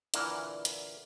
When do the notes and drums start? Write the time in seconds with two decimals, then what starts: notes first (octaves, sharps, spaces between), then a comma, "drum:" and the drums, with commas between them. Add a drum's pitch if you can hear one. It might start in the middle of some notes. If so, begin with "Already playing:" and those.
0.14 A#2 D3 E3 E4 A#4, drum: hi-hat
0.65 drum: hi-hat